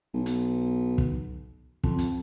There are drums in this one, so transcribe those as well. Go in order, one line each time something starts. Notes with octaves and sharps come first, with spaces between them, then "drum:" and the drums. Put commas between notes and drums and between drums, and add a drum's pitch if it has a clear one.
B1
drum: hi-hat
drum: kick
F2, drum: kick
drum: hi-hat